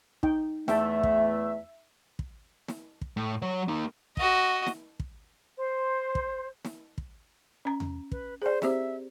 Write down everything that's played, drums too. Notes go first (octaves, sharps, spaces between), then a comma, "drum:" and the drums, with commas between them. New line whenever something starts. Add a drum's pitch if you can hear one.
D#4 G5, drum: kick
E2 A3 E5 G5 A5, drum: snare
drum: kick
drum: kick
drum: snare
drum: kick
A2
F#3 C#5
A#3 D#4
F#4 D#5, drum: kick
drum: snare
drum: kick
C5
drum: kick
drum: snare
drum: kick
C#4 A#5
drum: tom E2
B4, drum: kick
G#4 C5 D5
C4 G4 C5 E5, drum: snare